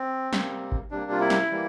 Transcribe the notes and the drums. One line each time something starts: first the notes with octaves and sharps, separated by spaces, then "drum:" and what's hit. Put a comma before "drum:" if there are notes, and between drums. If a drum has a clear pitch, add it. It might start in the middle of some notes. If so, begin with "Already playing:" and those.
Already playing: C4
C3 G3 A#3, drum: snare
drum: kick G#1
C3 G3 A#3 D4
F4
E4
drum: snare
E3 G3 A#3